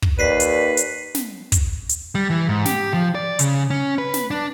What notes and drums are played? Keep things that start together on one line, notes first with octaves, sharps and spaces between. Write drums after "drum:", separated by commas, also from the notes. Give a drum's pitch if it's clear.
drum: kick
D#2 B4 D5 B6 C7 D#7
drum: hi-hat
drum: hi-hat
drum: snare
drum: kick, hi-hat
drum: hi-hat
G3
E3
G#2
G4, drum: snare
F3
D5
C#3, drum: hi-hat
C#4
B4
drum: snare
D4